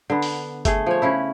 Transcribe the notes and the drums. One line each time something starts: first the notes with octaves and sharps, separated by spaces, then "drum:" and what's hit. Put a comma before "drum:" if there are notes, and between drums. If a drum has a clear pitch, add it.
D3 B3
drum: open hi-hat
A3 G#4, drum: kick G1, hi-hat
F3 C#5
C#3 C#4 E4